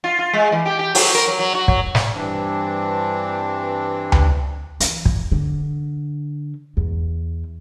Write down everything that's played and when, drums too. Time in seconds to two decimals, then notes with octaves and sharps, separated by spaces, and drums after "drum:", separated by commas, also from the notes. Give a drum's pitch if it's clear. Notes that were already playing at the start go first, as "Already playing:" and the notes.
0.04 F4
0.19 F4
0.34 G#3
0.52 E3
0.66 G4
0.79 G4
0.95 F#3, drum: open hi-hat
1.15 A#4
1.27 F#3
1.39 F#3
1.55 F#4
1.68 F#3, drum: kick
1.95 drum: snare
2.14 G2 E3 C4 D4
4.12 drum: tom D2
4.80 E3, drum: hi-hat
5.05 drum: kick
5.32 D3
6.77 E2